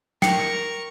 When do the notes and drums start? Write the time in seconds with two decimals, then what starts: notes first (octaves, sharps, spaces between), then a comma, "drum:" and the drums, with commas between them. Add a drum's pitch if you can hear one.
0.22 A#4 G5 C#6 C#7, drum: snare